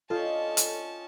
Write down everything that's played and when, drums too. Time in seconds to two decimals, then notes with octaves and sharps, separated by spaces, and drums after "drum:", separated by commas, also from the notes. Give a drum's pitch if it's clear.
0.10 C#4 D4 F4 A4 D#5 G5 A5
0.57 drum: hi-hat